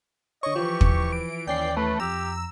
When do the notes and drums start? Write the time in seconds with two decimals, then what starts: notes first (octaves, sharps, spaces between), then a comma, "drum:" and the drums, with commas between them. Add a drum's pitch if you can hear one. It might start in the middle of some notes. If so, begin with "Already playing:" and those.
0.43 D3 C#5 D#5 C#6
0.56 E3 F3 G4
0.81 drum: kick
1.12 D7
1.47 D#2 C#4 D5 G5 C7
1.77 A3 B4
2.00 F2 G4 A#5 E6